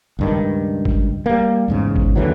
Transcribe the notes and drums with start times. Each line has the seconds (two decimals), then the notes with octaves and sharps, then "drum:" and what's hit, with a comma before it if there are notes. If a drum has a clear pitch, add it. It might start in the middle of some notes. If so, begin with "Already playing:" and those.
0.19 C#2 G2 D#3
0.85 drum: kick
1.26 G3 A#3
1.68 E2 G#2 C#3
1.96 drum: kick
2.15 D#2 D3 E3 F#3